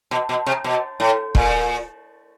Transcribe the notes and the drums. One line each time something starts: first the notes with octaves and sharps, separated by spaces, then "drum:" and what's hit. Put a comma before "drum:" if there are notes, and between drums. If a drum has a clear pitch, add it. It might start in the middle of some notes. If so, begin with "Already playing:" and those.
B2
B2
C3
B2
A2
A#2, drum: kick